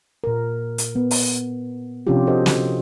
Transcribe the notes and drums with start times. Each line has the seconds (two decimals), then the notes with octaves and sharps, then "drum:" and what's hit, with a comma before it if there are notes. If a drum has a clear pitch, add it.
0.24 A#2 A#4
0.78 drum: hi-hat
0.95 B3
1.11 drum: open hi-hat
2.07 C3 F3 C#4 D4 F4 G4
2.27 F#4 A4 C5 D#5
2.46 drum: snare